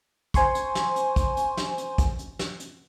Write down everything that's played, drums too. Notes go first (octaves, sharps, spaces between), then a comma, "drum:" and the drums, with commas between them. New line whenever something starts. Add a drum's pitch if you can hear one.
C5 G#5 C6 C#6, drum: kick, hi-hat
drum: hi-hat
drum: snare
drum: hi-hat
drum: kick, hi-hat
drum: hi-hat
drum: snare
drum: hi-hat
drum: kick, hi-hat
drum: hi-hat
drum: snare
drum: hi-hat